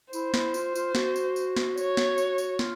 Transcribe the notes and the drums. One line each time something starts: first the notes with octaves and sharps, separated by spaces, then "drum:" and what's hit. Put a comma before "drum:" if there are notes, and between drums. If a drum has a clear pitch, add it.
E4 C5, drum: tambourine
E4, drum: snare
F4, drum: tambourine
F4, drum: tambourine
F#4, drum: snare
drum: tambourine
drum: tambourine
drum: snare
C#5, drum: tambourine
drum: snare
drum: tambourine
drum: tambourine
F4, drum: snare